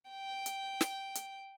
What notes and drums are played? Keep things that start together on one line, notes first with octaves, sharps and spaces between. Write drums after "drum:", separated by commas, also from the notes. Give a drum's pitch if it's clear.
G5
drum: hi-hat
drum: snare
drum: hi-hat